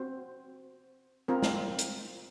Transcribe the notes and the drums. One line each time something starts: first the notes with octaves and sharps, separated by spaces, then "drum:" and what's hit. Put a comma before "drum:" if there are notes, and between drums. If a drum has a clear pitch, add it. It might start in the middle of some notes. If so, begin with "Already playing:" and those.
Already playing: C4 F#4 C5
C4 F4 A#4
drum: snare
drum: hi-hat